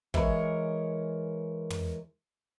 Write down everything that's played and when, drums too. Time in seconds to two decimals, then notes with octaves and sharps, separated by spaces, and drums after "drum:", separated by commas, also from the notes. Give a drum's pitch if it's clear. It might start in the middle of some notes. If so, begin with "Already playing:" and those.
0.14 E3 G#3 A#4 C#5, drum: kick
1.70 drum: tom